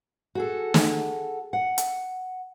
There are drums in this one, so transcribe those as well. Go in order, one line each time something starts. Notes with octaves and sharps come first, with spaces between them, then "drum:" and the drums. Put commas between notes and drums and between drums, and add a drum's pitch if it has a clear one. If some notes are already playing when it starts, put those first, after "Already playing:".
F#4 G#4 A4
drum: snare
F#5
drum: hi-hat